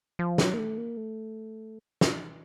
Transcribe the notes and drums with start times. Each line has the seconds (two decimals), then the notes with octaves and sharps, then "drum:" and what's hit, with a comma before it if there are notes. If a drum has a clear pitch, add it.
0.19 F3
0.38 F#3, drum: snare
0.54 A#3
0.58 A3
0.78 A#3
0.97 A3
2.01 drum: snare